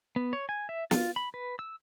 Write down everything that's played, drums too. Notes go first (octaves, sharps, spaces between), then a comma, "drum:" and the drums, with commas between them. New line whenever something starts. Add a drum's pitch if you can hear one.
B3
C#5
G#5
E5
F4, drum: snare
B5
B4
E6